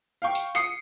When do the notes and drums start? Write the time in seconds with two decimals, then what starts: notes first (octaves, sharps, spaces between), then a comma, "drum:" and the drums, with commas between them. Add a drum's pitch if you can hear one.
0.22 F5 G5 C#6
0.35 drum: hi-hat
0.55 D#6 C7 C#7, drum: hi-hat